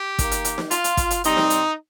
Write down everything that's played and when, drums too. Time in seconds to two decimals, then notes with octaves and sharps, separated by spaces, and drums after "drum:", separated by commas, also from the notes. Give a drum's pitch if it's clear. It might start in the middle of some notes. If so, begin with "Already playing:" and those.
Already playing: G4
0.19 D#3 A#3, drum: kick, hi-hat
0.31 drum: hi-hat
0.45 drum: hi-hat
0.58 drum: snare D#4
0.71 F4, drum: hi-hat
0.84 drum: hi-hat
0.97 drum: kick, hi-hat
1.11 drum: hi-hat
1.24 C3 G3 C4 D#4, drum: hi-hat
1.37 drum: snare D#4
1.50 drum: hi-hat